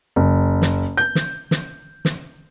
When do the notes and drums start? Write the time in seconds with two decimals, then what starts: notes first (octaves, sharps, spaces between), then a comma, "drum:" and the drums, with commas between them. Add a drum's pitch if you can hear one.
0.16 F#1
0.62 drum: snare
0.97 G6
1.15 drum: snare
1.51 drum: snare
2.05 drum: snare